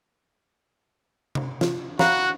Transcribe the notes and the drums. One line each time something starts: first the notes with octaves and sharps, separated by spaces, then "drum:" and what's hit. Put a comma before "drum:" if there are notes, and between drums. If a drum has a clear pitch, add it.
drum: tom C3
F4, drum: snare
F#4 F5 A#5 B5 F#6, drum: snare